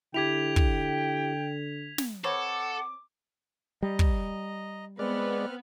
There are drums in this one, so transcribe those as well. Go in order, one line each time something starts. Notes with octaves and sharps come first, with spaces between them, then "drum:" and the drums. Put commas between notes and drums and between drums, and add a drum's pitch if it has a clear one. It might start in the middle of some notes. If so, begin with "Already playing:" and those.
D3 E4 G4 G5 G#6 B6 F7
drum: kick
drum: snare
C4 A4 B4 C#5 F#5 D6
G3 D#5 A#5
drum: kick
G#3 B3 C4 D5 F6 F#6